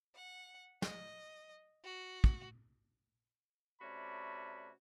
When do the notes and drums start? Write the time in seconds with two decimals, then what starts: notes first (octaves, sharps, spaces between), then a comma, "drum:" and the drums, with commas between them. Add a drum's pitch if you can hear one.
0.15 F#5
0.82 D#5, drum: snare
1.84 F#4
2.24 drum: kick
3.82 C3 A3 C#4 F#4 D5 B5